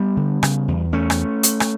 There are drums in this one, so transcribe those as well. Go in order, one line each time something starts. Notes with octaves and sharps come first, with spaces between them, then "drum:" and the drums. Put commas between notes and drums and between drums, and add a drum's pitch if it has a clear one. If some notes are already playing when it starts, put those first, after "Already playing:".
Already playing: G3 B3
D3
C#3, drum: rim click
E2
E2 A3 C#4
drum: rim click
drum: hi-hat
drum: rim click